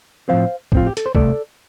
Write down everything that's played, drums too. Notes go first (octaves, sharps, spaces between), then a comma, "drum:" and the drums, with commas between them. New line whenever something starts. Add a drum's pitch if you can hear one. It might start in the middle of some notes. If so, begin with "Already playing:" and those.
A2 F3 C4 C5 F5
A2 F3 C4 F4, drum: kick
G4
A4, drum: hi-hat
C5
C2 C3 A3 A4 D5, drum: kick